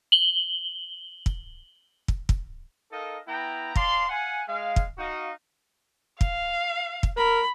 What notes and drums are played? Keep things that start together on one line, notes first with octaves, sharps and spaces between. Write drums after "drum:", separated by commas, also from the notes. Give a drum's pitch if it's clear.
F#7 G7
drum: kick
drum: kick
drum: kick
D#4 A4 A#4 D#5 F5
B3 E4 G5 A#5
D5 F5 A5 C6, drum: kick
F5 F#5 G#5
G#3 F5
drum: kick
D#4 F#4 D#5 F5
F5, drum: kick
drum: kick
A#4 B5